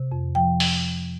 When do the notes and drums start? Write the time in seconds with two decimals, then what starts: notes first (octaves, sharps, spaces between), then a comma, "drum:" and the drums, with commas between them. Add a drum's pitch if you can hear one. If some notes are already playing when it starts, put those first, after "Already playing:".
Already playing: C3
0.12 F2
0.35 F3 G5
0.60 drum: open hi-hat